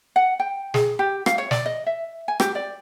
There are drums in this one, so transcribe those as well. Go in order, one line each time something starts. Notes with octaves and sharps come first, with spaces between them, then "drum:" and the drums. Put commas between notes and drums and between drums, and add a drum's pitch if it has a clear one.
F#5
G5
G#4, drum: snare
G4
F5, drum: rim click
C#5
D5, drum: snare
D#5
E5
G#5
G4, drum: rim click
D5